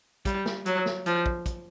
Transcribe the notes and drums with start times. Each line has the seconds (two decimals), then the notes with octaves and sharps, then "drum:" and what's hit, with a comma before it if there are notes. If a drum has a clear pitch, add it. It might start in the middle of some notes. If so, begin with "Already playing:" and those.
0.25 G3, drum: kick, hi-hat
0.46 drum: snare
0.66 F#3, drum: hi-hat
0.86 drum: snare
1.06 F3, drum: hi-hat
1.26 drum: kick
1.46 drum: kick, hi-hat